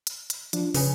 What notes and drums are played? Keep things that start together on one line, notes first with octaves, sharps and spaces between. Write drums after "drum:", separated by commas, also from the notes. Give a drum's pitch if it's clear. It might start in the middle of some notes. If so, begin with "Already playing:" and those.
drum: hi-hat
drum: hi-hat
F3 D4, drum: hi-hat
C#3 B4 G#5, drum: open hi-hat